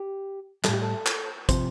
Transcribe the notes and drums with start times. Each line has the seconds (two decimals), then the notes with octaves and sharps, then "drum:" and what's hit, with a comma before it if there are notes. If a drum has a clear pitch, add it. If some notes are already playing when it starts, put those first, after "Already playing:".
Already playing: G4
0.64 A2 G3 A4, drum: clap
0.73 G4
0.82 A4
1.06 drum: clap
1.49 C3 F3 C5, drum: kick, hi-hat